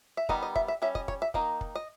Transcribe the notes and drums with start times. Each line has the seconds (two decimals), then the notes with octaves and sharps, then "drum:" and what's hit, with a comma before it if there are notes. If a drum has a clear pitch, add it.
0.17 E5
0.29 D#3 G3 B3 D#4 D#5, drum: kick
0.42 D#5
0.56 E5, drum: kick
0.68 E5
0.82 G3 C#4 E5
0.95 D#5, drum: kick
1.08 C#5, drum: kick
1.22 E5
1.34 D#3 A#3 D#4 D#5, drum: kick
1.61 drum: kick
1.75 D#5